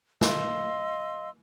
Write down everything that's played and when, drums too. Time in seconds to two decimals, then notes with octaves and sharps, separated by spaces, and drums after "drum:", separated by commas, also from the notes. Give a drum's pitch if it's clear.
0.21 D#5 F5 C6 E6, drum: snare